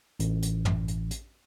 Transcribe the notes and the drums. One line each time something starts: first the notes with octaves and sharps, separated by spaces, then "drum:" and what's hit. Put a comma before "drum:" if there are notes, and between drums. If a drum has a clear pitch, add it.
A1, drum: hi-hat
drum: hi-hat
drum: tom
drum: hi-hat
drum: hi-hat